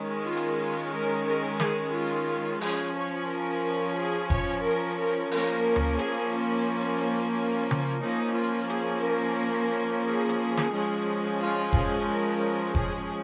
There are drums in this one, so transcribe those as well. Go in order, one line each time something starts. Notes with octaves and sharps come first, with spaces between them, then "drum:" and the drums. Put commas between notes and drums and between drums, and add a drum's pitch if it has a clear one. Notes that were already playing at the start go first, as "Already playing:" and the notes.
Already playing: D#3 G#3 C#4
F4
drum: hi-hat
F4
A#4
A#4
G#4, drum: snare
F4
F3 C#4 G#4, drum: open hi-hat
C#5
A#4
G#4
C#5, drum: kick F1
A#4
A#4
F3 A#3 C#4 A#4, drum: open hi-hat
drum: tom D2
G#4, drum: hi-hat
F4
F4
drum: tom C#3
F3 A#3 C#4 D#4
F4
G#4, drum: hi-hat
A#4
G#4
drum: hi-hat
drum: snare
F3 G#3 C#4
F4
G#4, drum: kick F1
A#4
G#4, drum: kick F1